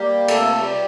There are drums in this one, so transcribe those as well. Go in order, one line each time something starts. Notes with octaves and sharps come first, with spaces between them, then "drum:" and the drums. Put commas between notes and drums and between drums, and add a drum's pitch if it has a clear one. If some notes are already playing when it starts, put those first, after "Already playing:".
Already playing: G3 A#3 G4
C3 A3 A4, drum: cymbal
G3 G4